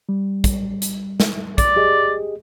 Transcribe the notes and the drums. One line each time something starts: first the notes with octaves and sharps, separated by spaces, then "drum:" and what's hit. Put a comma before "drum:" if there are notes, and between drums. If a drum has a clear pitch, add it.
G3
drum: kick, hi-hat
drum: hi-hat
drum: snare
D5, drum: kick, hi-hat
G4 G#4 D#5